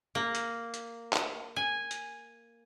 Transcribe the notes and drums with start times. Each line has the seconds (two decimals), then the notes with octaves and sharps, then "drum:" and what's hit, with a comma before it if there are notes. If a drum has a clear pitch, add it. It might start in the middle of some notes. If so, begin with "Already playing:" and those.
0.15 A#3
0.35 drum: hi-hat
0.74 drum: hi-hat
1.13 drum: clap
1.56 G#5
1.91 drum: hi-hat